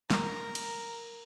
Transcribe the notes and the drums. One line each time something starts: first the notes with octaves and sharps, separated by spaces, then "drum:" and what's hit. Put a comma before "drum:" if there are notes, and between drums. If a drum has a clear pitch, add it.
A#4 A#5, drum: snare
drum: cymbal